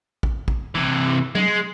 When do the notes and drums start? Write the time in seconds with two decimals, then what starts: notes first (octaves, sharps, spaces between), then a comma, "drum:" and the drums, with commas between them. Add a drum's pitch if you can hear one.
0.23 drum: kick
0.48 drum: kick
0.75 C3 E3
1.35 G#3, drum: tom F#3